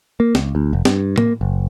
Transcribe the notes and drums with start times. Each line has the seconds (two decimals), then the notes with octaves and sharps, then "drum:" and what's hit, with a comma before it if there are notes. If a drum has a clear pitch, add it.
0.20 A#3
0.35 C#2, drum: snare
0.55 D2
0.73 F1
0.85 G2, drum: snare
1.18 A#3, drum: tom A2
1.41 F#1